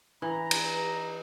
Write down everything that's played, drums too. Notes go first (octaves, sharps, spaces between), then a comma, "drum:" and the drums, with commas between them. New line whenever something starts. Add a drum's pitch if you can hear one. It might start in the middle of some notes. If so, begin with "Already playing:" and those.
E3 A#5
drum: cymbal